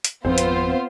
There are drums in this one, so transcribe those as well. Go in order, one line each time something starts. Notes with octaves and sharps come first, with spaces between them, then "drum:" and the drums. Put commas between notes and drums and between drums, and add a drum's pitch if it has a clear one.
drum: hi-hat
G#1 F2 F3 B3 C4 F4 C5
drum: hi-hat